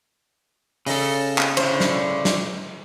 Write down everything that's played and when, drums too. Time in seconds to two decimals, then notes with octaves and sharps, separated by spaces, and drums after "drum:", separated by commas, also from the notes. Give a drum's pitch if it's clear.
0.87 C#3 A4 D#5, drum: open hi-hat
1.38 drum: clap
1.57 A2 D3 C5, drum: cymbal
1.80 drum: snare
2.25 drum: snare